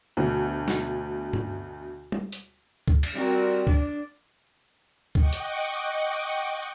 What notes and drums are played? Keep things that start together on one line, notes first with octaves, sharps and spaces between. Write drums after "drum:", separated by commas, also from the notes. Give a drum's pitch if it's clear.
D2 B2
drum: snare
drum: tom G2
drum: tom G3
drum: hi-hat
drum: kick C#2
drum: cymbal
G3 C4 F#4 A#4
D4 D5, drum: kick C#2
D#5 F#5 G5 C#6 D6, drum: kick C#2
drum: hi-hat